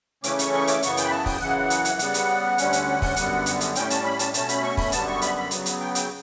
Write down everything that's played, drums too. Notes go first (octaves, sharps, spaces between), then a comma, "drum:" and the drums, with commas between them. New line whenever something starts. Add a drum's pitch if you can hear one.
C#3 E3 A3 C#4 D6, drum: hi-hat
C#6, drum: hi-hat
C#6
D6, drum: hi-hat
F#2 C#3 E3 B3 C#6, drum: hi-hat
G5, drum: hi-hat
B5
A5
G5, drum: kick, open hi-hat
F#2 C#3 E3 F#5
drum: hi-hat
drum: hi-hat
C#3 G3 B3, drum: hi-hat
drum: hi-hat
D2 D3 G3 C#4, drum: hi-hat
drum: hi-hat
drum: kick, open hi-hat
F#2 D3 G3 B3, drum: hi-hat
drum: hi-hat
drum: hi-hat
A2 G3 C#4 G5, drum: hi-hat
A5, drum: hi-hat
B5
A5, drum: hi-hat
B2 A3 C#4 A5, drum: hi-hat
B5, drum: hi-hat
C#6
B5, drum: kick, open hi-hat
F#2 D3 G3 B3 A5, drum: hi-hat
C#6
B5, drum: hi-hat
B5
C#3 F#3 B3, drum: hi-hat
drum: hi-hat
G5
G5, drum: hi-hat